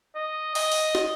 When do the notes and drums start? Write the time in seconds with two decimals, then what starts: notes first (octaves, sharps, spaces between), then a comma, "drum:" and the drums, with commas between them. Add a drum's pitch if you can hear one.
0.15 D#5
0.55 D#5, drum: open hi-hat
0.72 drum: open hi-hat
0.95 drum: snare